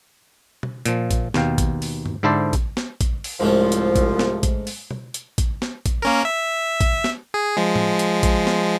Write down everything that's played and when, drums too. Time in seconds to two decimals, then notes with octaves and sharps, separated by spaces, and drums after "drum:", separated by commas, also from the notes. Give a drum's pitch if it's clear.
0.63 drum: tom B2
0.85 A#2 F3, drum: hi-hat
1.11 drum: kick, hi-hat
1.34 D#2 B2 F5 G5, drum: snare
1.58 drum: kick, hi-hat
1.82 drum: open hi-hat
2.06 drum: tom G2
2.23 G#2 D3 E4 A4 C5 D5
2.53 drum: kick, hi-hat
2.77 drum: snare
3.01 drum: kick, hi-hat
3.24 drum: open hi-hat
3.40 C2 G#2 F3 A3 C#4
3.72 drum: hi-hat
3.96 drum: kick, hi-hat
4.19 drum: snare
4.43 drum: kick, hi-hat
4.67 drum: open hi-hat
4.91 drum: tom B2
5.14 drum: hi-hat
5.38 drum: kick, hi-hat
5.62 drum: snare
5.86 drum: kick, hi-hat
6.02 A#3 C#4 A#4
6.25 E5
6.81 drum: kick, hi-hat
7.04 drum: snare
7.34 G#4
7.57 F3 G#3
7.76 drum: tom A2
7.99 drum: hi-hat
8.23 drum: kick, hi-hat
8.47 drum: snare